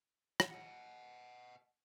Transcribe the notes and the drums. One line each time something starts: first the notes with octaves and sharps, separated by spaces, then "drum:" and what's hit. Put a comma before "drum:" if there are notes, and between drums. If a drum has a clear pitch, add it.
drum: rim click
D#5 F#5